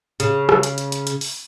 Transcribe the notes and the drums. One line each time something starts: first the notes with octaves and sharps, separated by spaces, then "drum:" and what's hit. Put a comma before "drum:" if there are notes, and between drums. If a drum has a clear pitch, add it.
C#3, drum: hi-hat
drum: rim click
drum: hi-hat
drum: hi-hat
drum: hi-hat
drum: hi-hat
drum: open hi-hat